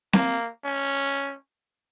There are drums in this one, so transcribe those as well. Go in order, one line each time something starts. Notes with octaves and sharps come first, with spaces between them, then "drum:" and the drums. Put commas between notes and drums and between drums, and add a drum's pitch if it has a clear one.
A#3, drum: snare C4
C#4